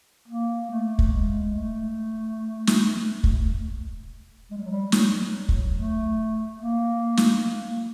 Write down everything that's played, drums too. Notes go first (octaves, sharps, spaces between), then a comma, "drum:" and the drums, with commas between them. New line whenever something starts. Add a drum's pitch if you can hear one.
A#3
A3
drum: kick
G#3
A3
drum: snare
drum: kick
G#3
G3
F#3
G3
F#3, drum: snare
drum: kick
A3
A#3
drum: snare
A#3